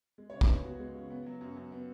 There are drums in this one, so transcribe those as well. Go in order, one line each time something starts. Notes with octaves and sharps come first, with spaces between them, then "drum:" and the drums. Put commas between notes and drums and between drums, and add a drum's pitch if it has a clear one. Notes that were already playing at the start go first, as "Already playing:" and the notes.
G#3
C#3 C#5
B4, drum: kick
F#2 G#4
B3 F#4
G#3
C#3
B3
F#3
F#2
F#2
B3